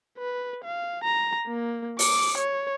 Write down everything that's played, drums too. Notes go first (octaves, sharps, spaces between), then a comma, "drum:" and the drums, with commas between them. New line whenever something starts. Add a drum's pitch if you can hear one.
B4
F5
A#5
A#3
D6, drum: open hi-hat
C#5